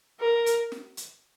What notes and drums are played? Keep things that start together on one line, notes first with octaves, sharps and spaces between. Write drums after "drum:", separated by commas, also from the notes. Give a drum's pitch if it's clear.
A#4
drum: hi-hat
drum: snare
drum: hi-hat